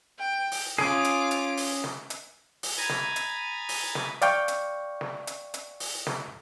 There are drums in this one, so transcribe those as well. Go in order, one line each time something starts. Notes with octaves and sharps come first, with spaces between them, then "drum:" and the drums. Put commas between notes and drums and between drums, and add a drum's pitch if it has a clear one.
G5
drum: open hi-hat
C#4 F4 G#4 D6, drum: snare
drum: hi-hat
drum: hi-hat
drum: open hi-hat
drum: snare
drum: hi-hat
drum: open hi-hat
G#5 A#5 B5 D#6 G#6 A6
drum: snare
drum: hi-hat
drum: open hi-hat
drum: snare
D5 F5 G5 C#6, drum: hi-hat
drum: hi-hat
drum: snare
drum: hi-hat
drum: hi-hat
drum: open hi-hat
drum: snare